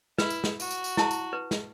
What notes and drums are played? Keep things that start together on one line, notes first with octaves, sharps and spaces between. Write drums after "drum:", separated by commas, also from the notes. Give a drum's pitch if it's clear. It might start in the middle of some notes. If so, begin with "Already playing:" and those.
E4 B4, drum: snare
drum: tambourine
drum: snare
F#4, drum: tambourine
drum: tambourine
drum: tambourine
E4 A5, drum: snare
drum: tambourine
B4
drum: snare